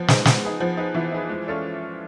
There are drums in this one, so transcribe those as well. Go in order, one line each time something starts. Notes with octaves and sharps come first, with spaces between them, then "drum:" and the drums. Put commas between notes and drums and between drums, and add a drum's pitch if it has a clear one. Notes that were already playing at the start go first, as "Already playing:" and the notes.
Already playing: F3 B3
D#4 G#4 B4, drum: snare
B3, drum: snare
D#4 G#4 B4
F3 B3
D#4 G#4 B4
E3 B3
D#4 G#4 B4
G#3
C#4 F4 A4 D5